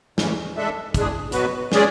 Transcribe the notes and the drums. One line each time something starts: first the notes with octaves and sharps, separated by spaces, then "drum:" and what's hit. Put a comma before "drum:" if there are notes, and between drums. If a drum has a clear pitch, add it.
G#2 E3 A3 C#4, drum: snare
G#3 D4 A4 E5
A2 G#3 D4 G#4, drum: kick, hi-hat
B2 F#3 B3 F#4 B4, drum: hi-hat
G#3 C#4 G#4 D5, drum: snare